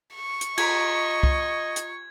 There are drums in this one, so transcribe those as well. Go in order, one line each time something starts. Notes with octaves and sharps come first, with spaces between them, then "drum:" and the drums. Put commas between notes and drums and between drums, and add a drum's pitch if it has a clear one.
C#6
drum: hi-hat
F4 D#5 A#5 G#6 B6, drum: cymbal
drum: kick C2
drum: hi-hat